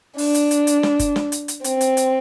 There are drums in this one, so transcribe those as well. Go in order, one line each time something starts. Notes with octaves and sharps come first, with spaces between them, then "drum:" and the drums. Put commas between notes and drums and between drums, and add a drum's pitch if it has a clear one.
D4, drum: open hi-hat
drum: hi-hat
drum: hi-hat
drum: hi-hat
drum: snare
drum: kick F#1, hi-hat
drum: snare
drum: hi-hat
drum: hi-hat
C4, drum: hi-hat
drum: hi-hat
drum: hi-hat